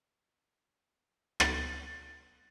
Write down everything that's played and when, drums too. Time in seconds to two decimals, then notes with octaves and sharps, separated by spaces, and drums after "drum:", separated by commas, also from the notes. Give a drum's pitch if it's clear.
1.40 A6, drum: rim click